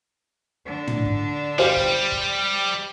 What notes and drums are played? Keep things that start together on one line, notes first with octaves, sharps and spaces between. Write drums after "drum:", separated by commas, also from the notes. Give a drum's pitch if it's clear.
D3 D4
drum: tom
drum: kick
G3 G4 C5 F5
drum: kick
drum: kick